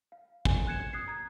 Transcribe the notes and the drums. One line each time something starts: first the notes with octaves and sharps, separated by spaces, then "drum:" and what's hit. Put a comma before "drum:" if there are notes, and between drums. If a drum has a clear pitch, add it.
F5
G#5, drum: kick
F#6 G#6 C#7 E7
D#6 F#6 G#6 C7
A#5 G#6